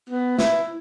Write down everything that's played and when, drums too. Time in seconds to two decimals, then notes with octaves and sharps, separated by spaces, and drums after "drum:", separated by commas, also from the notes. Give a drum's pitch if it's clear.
0.10 B3
0.39 E4, drum: snare